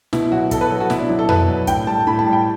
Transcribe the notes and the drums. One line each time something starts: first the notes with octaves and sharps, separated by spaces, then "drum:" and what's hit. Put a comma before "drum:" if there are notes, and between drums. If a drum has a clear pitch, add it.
B2 E4, drum: snare
F#3 F#4
B2 A4, drum: kick, hi-hat
B4
F#3 A4
F#4
B2 E4, drum: snare
D4
F#3 E4
A4
B2 B4, drum: tom F2
F#3
A2 G5, drum: kick, hi-hat
G3 A5
A2 B5
A5
G3
G5